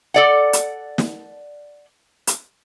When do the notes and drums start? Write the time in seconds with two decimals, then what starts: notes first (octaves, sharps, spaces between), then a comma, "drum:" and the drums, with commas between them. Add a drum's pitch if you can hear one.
0.14 A4 D5 F#5
0.53 drum: hi-hat
0.98 drum: snare
2.27 drum: hi-hat